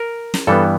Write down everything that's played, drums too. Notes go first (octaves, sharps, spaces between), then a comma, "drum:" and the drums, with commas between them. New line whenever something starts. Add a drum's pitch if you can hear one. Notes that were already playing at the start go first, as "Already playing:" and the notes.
Already playing: A#4
drum: snare
G2 E3 G3 B3 A4